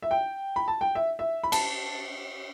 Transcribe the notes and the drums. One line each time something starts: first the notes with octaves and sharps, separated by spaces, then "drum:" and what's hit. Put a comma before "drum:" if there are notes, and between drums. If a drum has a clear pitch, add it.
E5
G5
B5
A5
G5
E5
E5
B5
A5, drum: cymbal